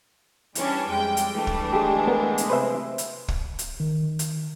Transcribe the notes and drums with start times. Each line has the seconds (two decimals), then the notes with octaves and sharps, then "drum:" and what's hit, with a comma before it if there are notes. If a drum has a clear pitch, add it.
0.55 E3 G3 C#4 D4, drum: hi-hat
0.89 F2 G#3 G5
1.17 drum: hi-hat
1.33 E3 A3 D4
1.47 drum: kick
1.73 G#3 G4 G#4
2.07 B3 A#4
2.38 drum: hi-hat
2.50 C3 B4 C5 E5
2.98 drum: hi-hat
3.28 drum: kick
3.59 drum: hi-hat
3.80 D#3
4.19 drum: hi-hat